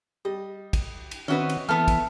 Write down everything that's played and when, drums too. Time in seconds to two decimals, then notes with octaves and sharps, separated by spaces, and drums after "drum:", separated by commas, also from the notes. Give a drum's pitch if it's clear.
0.25 G3 D#5
0.73 drum: kick, cymbal
1.11 drum: cymbal
1.28 D#3 C4 C#4 F#4 B4 D#5 E5
1.50 drum: cymbal
1.69 E3 A3 B3 A4 E5 F6
1.88 drum: kick, cymbal